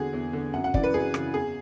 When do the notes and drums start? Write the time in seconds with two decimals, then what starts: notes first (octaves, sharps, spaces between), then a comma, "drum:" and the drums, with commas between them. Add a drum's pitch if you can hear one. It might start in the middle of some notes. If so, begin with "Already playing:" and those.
Already playing: E2 D3 F#4 G#4
0.13 E2
0.33 D3
0.53 F#2 F#5
0.64 F#5
0.74 C#3 E3 D5, drum: kick
0.84 B4
0.94 F#2 G#4
1.14 C#3 E3, drum: rim click
1.33 E2 G#4